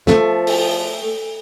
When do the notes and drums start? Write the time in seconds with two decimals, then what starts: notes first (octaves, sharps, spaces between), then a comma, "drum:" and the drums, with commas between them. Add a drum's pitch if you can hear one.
0.07 F3 A3, drum: snare
0.47 drum: open hi-hat